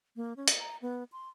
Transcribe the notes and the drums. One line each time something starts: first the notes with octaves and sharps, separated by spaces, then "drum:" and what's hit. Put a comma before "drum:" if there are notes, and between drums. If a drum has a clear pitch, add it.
A#3
C#4
drum: hi-hat
A#5
B3
C6